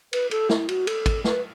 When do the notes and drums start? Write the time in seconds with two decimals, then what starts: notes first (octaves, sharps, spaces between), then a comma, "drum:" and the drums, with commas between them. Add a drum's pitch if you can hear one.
0.13 B4, drum: cymbal
0.31 A4, drum: cymbal
0.49 E4, drum: snare
0.69 F#4, drum: cymbal
0.87 A4, drum: cymbal
1.06 drum: kick, cymbal
1.24 B4, drum: snare